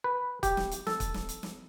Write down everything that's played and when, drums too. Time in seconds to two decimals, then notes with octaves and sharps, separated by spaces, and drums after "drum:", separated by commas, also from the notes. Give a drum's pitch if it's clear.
0.04 B4
0.43 G4, drum: kick, hi-hat
0.57 drum: snare
0.71 drum: hi-hat
0.87 A4, drum: snare
1.00 drum: kick, hi-hat
1.14 drum: snare
1.29 drum: hi-hat
1.43 drum: snare